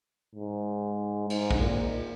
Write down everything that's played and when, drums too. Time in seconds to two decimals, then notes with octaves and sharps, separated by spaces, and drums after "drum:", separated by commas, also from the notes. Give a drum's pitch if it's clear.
0.36 G#2
1.30 G#2, drum: cymbal
1.51 drum: kick
1.61 A#2